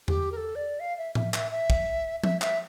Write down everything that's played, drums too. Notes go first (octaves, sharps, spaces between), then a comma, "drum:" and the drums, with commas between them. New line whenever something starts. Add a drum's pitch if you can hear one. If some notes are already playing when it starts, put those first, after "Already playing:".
G4, drum: tom E2
A#4
A4
D5
F5
E5
E5, drum: tom A2
E5, drum: clap
E5
drum: kick
E5, drum: tom F3
E5, drum: clap